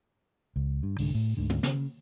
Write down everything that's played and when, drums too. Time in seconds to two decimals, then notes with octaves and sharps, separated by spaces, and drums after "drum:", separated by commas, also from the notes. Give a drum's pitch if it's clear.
0.56 C#2
0.83 G2
0.98 C2 G#2 D3, drum: open hi-hat
1.15 A2
1.37 D2 G#2 D3
1.50 drum: tom
1.63 C#3, drum: snare